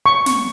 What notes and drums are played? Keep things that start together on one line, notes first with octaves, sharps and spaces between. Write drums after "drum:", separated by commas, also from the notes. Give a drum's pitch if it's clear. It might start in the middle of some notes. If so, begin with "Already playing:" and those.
C#6
drum: snare